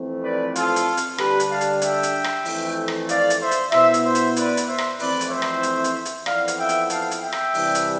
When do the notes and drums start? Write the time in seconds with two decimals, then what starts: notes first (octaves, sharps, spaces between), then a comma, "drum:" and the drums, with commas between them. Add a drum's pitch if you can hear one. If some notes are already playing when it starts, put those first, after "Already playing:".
Already playing: F2 E3 A3 C4
0.23 B4 D5
0.56 F4 A4, drum: hi-hat
0.76 drum: hi-hat
0.97 drum: hi-hat
1.18 D3 G3 D4 G4 B4, drum: rim click
1.40 drum: hi-hat
1.50 F5 A5
1.61 drum: hi-hat
1.82 E5 G5, drum: hi-hat
2.03 drum: hi-hat
2.24 drum: rim click
2.45 F2 E3 A3, drum: open hi-hat
2.88 drum: rim click
3.09 D5 F5, drum: hi-hat
3.30 drum: hi-hat
3.40 C5 E5
3.51 drum: hi-hat
3.72 B2 B3 E4 C5 E5, drum: rim click
3.94 drum: hi-hat
4.04 C5 E5
4.15 drum: hi-hat
4.36 B4 D5, drum: hi-hat
4.57 drum: hi-hat
4.68 C5 E5
4.78 drum: rim click
4.99 F2 E3 A3 C4 E4 B4 D5, drum: open hi-hat
5.21 drum: hi-hat
5.31 C5 E5
5.42 drum: rim click
5.63 drum: hi-hat
5.84 drum: hi-hat
6.05 drum: hi-hat
6.26 F2 E3 B3 D5 F5, drum: rim click
6.48 drum: hi-hat
6.58 E5 G5
6.69 drum: hi-hat
6.90 F5 A5, drum: hi-hat
7.11 drum: hi-hat
7.22 E5 G5
7.32 drum: rim click
7.54 C3 E3 G3 D4, drum: open hi-hat
7.75 drum: hi-hat